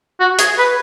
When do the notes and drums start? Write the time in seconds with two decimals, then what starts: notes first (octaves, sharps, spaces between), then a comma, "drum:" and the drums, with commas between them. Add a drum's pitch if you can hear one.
0.20 F#4
0.39 G#4, drum: hi-hat
0.58 B4